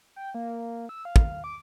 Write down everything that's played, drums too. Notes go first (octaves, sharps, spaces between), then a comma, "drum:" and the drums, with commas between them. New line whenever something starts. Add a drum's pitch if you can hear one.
G5
A#3
E6
F5
drum: kick
D6